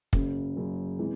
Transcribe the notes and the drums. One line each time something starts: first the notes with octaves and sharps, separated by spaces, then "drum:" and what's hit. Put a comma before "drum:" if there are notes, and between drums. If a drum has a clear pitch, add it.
F#1 F#2 C#3, drum: kick
F#1 F#2 C#3
C3 E3 G#3